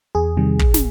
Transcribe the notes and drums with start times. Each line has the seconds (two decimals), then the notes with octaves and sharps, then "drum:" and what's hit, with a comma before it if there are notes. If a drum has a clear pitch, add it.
0.15 E2 G#4
0.37 C3 D#3 G3
0.59 A#1, drum: kick
0.74 drum: snare